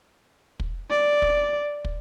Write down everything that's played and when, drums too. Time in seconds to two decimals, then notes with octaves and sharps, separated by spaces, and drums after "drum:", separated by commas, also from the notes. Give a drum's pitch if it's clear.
0.60 drum: kick
0.91 D5
1.22 drum: kick
1.85 drum: kick